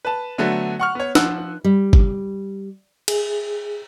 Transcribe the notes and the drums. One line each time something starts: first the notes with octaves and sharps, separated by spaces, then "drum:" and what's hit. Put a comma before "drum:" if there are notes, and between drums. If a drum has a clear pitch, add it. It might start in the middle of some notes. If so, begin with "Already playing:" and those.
B4 A5
D3 F#3 A3 B3
F#5 C#6 F6
B3 C#5
F3 F#5 E6 F#6, drum: snare
G3
drum: kick G1
G#4, drum: cymbal